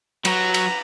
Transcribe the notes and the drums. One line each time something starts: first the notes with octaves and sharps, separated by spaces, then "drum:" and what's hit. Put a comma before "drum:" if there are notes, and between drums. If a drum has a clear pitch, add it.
F#3 F#4 B4 F#5 A#5, drum: cymbal
drum: cymbal